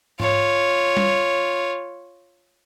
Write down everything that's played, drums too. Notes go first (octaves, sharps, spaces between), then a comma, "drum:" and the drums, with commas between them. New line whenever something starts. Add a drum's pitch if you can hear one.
F4 C#5, drum: tom G#2
drum: tom G3